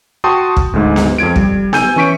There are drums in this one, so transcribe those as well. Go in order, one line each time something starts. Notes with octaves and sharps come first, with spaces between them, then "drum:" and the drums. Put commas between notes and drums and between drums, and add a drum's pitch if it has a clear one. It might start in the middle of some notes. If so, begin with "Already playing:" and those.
F#4 G5 A5 C6 C#6 D#6
drum: kick
D2 G#2
drum: snare B3
F2 F4 G#6 D7
G3, drum: kick
G#5 E6 G6 D#7, drum: snare B3
E3 C#4 C#6 B6 D7